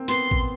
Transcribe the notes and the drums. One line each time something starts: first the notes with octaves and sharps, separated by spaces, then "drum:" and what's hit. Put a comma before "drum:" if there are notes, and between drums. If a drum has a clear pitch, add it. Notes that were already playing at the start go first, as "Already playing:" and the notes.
Already playing: A#3 C4
B3 C6, drum: hi-hat
drum: kick A1